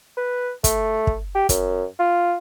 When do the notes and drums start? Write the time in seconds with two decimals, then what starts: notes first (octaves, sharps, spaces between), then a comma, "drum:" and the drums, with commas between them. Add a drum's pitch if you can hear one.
0.17 B4
0.64 A3, drum: kick, hi-hat
1.07 drum: kick
1.35 G4
1.49 F#2, drum: kick, hi-hat
2.00 F4